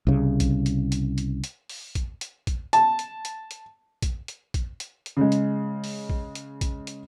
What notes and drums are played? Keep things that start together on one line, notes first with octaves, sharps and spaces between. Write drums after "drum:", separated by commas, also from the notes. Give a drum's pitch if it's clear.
C2 C#3
drum: kick A#1, hi-hat
drum: hi-hat
drum: hi-hat
drum: hi-hat
drum: hi-hat
drum: open hi-hat
drum: kick A#1, hi-hat
drum: hi-hat
drum: kick A#1, hi-hat
A5, drum: hi-hat
drum: hi-hat
drum: hi-hat
drum: hi-hat
drum: kick A#1, hi-hat
drum: hi-hat
drum: kick A#1, hi-hat
drum: hi-hat
drum: hi-hat
C#3 G#3
drum: hi-hat
drum: open hi-hat
drum: kick A#1
drum: hi-hat
drum: kick A#1, hi-hat
drum: hi-hat